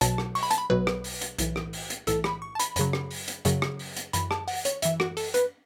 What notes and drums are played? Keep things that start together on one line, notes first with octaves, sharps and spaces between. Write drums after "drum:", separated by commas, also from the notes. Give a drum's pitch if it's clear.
B1 B2 F#3 A5, drum: hi-hat
drum: rim click
C#6, drum: open hi-hat
B5
A5, drum: hi-hat
B5
B1 B2 F#3 B4
drum: rim click
drum: open hi-hat
drum: hi-hat
B1 A2 E3, drum: hi-hat
drum: rim click
drum: open hi-hat
drum: hi-hat
B1 A2 E3 A4, drum: hi-hat
B5, drum: rim click
C#6
A5
B5, drum: hi-hat
F#2 C#3 F#3, drum: hi-hat
drum: rim click
drum: open hi-hat
drum: hi-hat
F#2 C#3 F#3, drum: hi-hat
drum: rim click
drum: open hi-hat
drum: hi-hat
F#2 E3 B5, drum: hi-hat
A5, drum: rim click
F#5, drum: open hi-hat
C#5, drum: hi-hat
F#2 E3 E5, drum: hi-hat
F#4, drum: rim click
A4, drum: open hi-hat
B4, drum: hi-hat